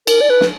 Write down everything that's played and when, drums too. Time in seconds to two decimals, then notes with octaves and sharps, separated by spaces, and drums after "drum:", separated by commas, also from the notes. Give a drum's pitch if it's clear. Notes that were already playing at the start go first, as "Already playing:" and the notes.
0.07 A#4, drum: cymbal
0.21 D5
0.30 B4
0.41 drum: snare